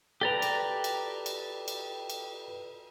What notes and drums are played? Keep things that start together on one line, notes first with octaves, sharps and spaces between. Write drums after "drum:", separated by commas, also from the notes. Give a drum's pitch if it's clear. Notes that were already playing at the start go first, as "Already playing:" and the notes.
G4 A4 B4 D5 A#5
drum: cymbal
drum: cymbal
drum: cymbal
drum: cymbal
drum: cymbal